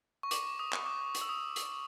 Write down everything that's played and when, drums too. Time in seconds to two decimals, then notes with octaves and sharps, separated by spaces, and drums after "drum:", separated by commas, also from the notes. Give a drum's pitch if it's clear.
0.23 C#6
0.31 D6, drum: hi-hat
0.59 D#6
0.73 drum: clap
0.86 D6
1.15 D#6, drum: hi-hat
1.21 E6
1.29 D#6
1.56 drum: hi-hat